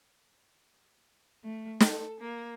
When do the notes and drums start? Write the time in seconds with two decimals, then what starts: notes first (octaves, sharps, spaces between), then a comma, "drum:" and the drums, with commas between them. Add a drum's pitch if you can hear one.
1.43 A3
1.80 A4, drum: snare
2.20 A#3